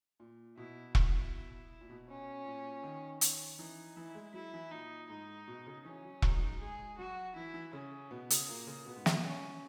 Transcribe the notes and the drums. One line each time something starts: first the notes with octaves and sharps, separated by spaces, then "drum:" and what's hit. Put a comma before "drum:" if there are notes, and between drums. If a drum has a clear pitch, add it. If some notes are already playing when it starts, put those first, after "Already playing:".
A#2
B2 E4
E4, drum: kick E1
A#2
B2
C#4
A#2
D#3
C#4, drum: hi-hat
E3 D#4
E3 E4
G#3
F#3 E4
E3
A#2 D#4
G#2 D#4
B2
C#3
E3 C#4
F#3
F#3 D#4, drum: kick E1
G#3
F#3
G#3 G#4
F#3 F#4
E3 E4
E3
C#3 C#4
B2 B3
C#3, drum: hi-hat
A#2 A#3
C#3
B2 B3
G#2
A#2, drum: snare
B2
C#4